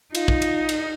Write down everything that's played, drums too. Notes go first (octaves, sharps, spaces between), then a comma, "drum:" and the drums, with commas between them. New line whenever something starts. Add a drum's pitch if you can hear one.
D#4 F4, drum: cymbal
drum: kick
drum: cymbal
drum: cymbal